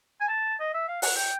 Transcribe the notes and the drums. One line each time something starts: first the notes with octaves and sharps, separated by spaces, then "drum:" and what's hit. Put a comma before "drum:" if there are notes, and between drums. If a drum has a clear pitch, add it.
G#5
A5
D#5
E5
F5
F#5, drum: open hi-hat
G5